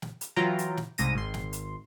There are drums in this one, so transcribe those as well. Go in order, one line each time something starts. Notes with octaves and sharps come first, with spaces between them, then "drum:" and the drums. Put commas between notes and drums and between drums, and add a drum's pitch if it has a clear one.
drum: snare
drum: hi-hat
E3 F#3 F4 G5 A#5
drum: hi-hat
drum: snare
C2 G#2 A#6 D#7, drum: hi-hat
G#1 C6
drum: snare
drum: hi-hat